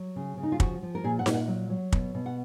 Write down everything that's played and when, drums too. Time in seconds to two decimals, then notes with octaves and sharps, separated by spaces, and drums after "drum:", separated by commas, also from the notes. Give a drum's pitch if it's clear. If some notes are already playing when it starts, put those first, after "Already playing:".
Already playing: F#3
0.16 C#3
0.37 C#3
0.43 D#4
0.52 F4
0.60 F3 F#4, drum: kick
0.83 F3
0.95 A#4
1.04 A#2 G#4
1.19 F#5
1.26 A#2, drum: snare D#4
1.34 F#5
1.48 F#3
1.70 F#3
1.92 B2, drum: kick
2.14 B2
2.26 F#5